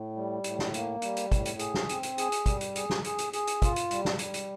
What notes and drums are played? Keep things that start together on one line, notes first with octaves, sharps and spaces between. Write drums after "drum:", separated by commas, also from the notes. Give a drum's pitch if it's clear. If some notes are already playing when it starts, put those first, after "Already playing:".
Already playing: A2
G3
A2, drum: hi-hat
drum: snare
A#3, drum: hi-hat
G3, drum: hi-hat
drum: hi-hat
A2, drum: kick, hi-hat
drum: hi-hat
G#4, drum: hi-hat
drum: snare
C4, drum: hi-hat
drum: hi-hat
G#4, drum: hi-hat
drum: hi-hat
G3, drum: kick, hi-hat
drum: hi-hat
G#4, drum: hi-hat
drum: snare
G#4, drum: hi-hat
drum: hi-hat
G#4, drum: hi-hat
drum: hi-hat
F4, drum: kick, hi-hat
drum: hi-hat
G3, drum: hi-hat
drum: snare
G3, drum: hi-hat
drum: hi-hat